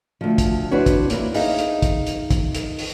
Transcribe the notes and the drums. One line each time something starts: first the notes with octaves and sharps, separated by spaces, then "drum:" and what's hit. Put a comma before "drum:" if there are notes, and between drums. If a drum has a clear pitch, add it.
D2 F3
drum: kick, hi-hat
C4 D4 E4 F#4 B4 C#5
drum: kick, hi-hat
A#3 E4, drum: hi-hat
D#4 G#4 E5 F5, drum: open hi-hat
drum: hi-hat
drum: kick, hi-hat
drum: hi-hat
drum: kick, hi-hat
drum: hi-hat
drum: open hi-hat